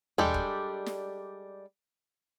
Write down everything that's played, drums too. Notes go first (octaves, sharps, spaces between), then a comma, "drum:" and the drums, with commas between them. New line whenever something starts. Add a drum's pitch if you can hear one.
G3 G#3 D4 G4 A4, drum: tom D#2
drum: kick E1
drum: snare